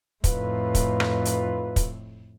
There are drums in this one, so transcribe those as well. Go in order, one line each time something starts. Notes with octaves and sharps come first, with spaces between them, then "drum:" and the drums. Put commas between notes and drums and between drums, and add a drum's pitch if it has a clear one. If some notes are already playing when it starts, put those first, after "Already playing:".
F2 A2 D#4 F4 B4, drum: kick, hi-hat
drum: kick, hi-hat
drum: rim click
drum: hi-hat
drum: kick, hi-hat